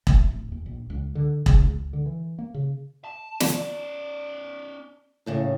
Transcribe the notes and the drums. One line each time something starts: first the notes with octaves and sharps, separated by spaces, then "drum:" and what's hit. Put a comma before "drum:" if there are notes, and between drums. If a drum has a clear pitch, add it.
A3, drum: kick E1
D1
D#2
A#1
C#2
D3
C#3, drum: kick E1
C#2
D3
E3
A#3
C#3
A5
drum: snare
C#4 D5
D#2 A2 C#3